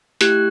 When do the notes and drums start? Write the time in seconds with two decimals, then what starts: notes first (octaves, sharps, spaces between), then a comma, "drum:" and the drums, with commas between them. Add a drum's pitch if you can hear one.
0.21 A3 E4 G4 F#6, drum: hi-hat